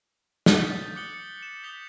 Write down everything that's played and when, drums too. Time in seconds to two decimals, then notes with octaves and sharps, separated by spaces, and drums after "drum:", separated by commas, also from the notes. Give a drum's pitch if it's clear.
0.46 G6 B6, drum: snare
0.65 D#6 A6
0.95 D6 D#6 F#6 C#7 F#7 G7
1.13 C#7
1.43 E7
1.63 D#6 G6 B6 F7 G7